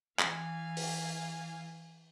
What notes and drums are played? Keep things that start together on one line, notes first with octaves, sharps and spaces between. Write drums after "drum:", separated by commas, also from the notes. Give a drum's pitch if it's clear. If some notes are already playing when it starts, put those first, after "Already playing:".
E3 F5 G#5, drum: clap
drum: open hi-hat